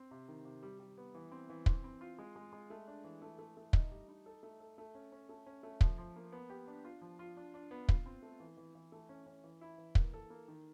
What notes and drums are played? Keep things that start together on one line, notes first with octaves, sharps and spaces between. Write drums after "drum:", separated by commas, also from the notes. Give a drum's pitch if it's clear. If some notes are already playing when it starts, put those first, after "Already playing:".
Already playing: C4
C3
D#3
C3
G3
G3
B3
E3
C4
E3
C4, drum: kick
C4
F4
G#3
G#3
G#3
A3
D4
E3
A3
A3
A3
D#4, drum: kick
G3
D#4
A4
A3
A4
A3
C#4
C#4
A3
C#4
A3
F3, drum: kick
F3
A#3
B3
G4
D4
F4
F3
F4
D4
D4
B3
F4, drum: kick
C4
A3
E3
E3
E3
A3
C#4
C#4
E3
E4
E3
A#3, drum: kick
A4
A#3
D#3